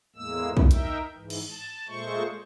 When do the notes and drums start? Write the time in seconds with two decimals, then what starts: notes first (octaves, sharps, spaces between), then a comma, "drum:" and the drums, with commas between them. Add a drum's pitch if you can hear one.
0.16 E2 A2 G#3 A#3 E6
0.57 drum: kick
0.71 D#4 A#4 E5 G5, drum: hi-hat
1.15 G#2 E3
1.30 drum: cymbal
1.51 A5
1.88 A#2 G#3 A3 C5 C#6